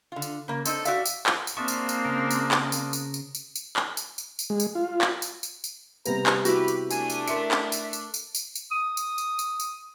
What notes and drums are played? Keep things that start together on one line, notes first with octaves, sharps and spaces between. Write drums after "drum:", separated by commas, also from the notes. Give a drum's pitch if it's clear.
D3 F4
drum: tambourine
C#3 A#3
C4 D4 D#4 A4, drum: tambourine
F#4 D5 E5 F5, drum: tambourine
drum: tambourine
drum: clap
drum: tambourine
A#3 C4 D4 F4 G#4 D5 E5 C#6
drum: tambourine
drum: tambourine
C#3 A#4
drum: tambourine
drum: clap
drum: tambourine
drum: tambourine
drum: tambourine
drum: tambourine
drum: tambourine
drum: clap
drum: tambourine
drum: tambourine
drum: tambourine
G#3
drum: tambourine
F4
drum: clap
drum: tambourine
drum: tambourine
drum: tambourine
C3 G3 B3 A#5, drum: tambourine
drum: clap
E4 F#4 G4 B4, drum: tambourine
drum: tambourine
A3 D4 G#5, drum: tambourine
drum: tambourine
A#4 E5 C6 C#7, drum: tambourine
drum: clap
drum: tambourine
drum: tambourine
drum: tambourine
drum: tambourine
drum: tambourine
D#6
drum: tambourine
drum: tambourine
drum: tambourine
drum: tambourine